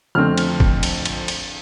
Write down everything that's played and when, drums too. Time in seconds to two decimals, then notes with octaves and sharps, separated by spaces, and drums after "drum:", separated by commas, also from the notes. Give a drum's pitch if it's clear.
0.15 F2 D3 A3 C4 F6
0.38 drum: cymbal
0.60 drum: kick
0.83 drum: cymbal
1.05 drum: cymbal
1.28 drum: cymbal